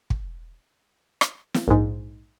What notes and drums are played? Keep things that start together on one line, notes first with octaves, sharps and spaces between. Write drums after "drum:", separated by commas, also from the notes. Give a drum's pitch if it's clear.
drum: kick
drum: rim click
drum: snare
A#1 G#2